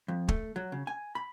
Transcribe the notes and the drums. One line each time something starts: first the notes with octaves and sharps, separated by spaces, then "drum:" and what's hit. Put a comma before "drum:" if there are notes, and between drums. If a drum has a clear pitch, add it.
F2
A3, drum: kick
F#3
C#3
G#5
B5